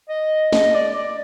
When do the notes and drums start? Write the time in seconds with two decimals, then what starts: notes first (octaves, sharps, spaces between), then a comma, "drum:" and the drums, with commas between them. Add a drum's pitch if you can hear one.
0.09 D#5
0.53 D#5, drum: snare
0.74 D5
0.95 D5